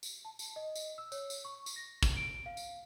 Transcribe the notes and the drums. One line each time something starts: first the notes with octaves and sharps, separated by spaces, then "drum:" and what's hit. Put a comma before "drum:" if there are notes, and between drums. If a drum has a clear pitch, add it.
drum: tambourine
A5
drum: tambourine
D#5
drum: tambourine
E6
C#5, drum: tambourine
drum: tambourine
C#6
drum: tambourine
A#6
drum: kick, tambourine
D7
F5
drum: tambourine